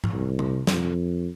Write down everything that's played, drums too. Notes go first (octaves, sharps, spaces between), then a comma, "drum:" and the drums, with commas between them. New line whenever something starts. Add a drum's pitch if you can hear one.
drum: tom G#2
C2
drum: tom C3
F2, drum: snare